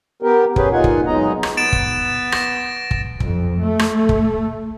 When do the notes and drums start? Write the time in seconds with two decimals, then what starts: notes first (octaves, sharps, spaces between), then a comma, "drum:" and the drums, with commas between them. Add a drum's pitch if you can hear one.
0.23 B3 G4 A#4
0.56 C#4 G4 G#4 B4, drum: kick
0.72 A#2 D#4 F4 F#5 G#5
0.84 drum: kick
1.06 F#3 G#3 B3 D#4 D#5 A#5
1.43 drum: rim click
1.57 B3 A6 D7 E7
1.73 drum: kick
2.32 A#6, drum: rim click
2.91 drum: kick
3.20 F2, drum: kick
3.62 A3
3.79 drum: rim click
4.09 drum: kick